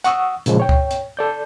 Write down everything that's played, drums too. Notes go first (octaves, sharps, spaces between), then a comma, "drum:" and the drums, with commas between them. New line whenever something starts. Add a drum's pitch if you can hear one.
F#5 C#6 D#6 E6, drum: hi-hat
A#2 C#3 F3 G#3, drum: hi-hat
C#5 G5
drum: kick C#2
drum: hi-hat
A4 D5 G6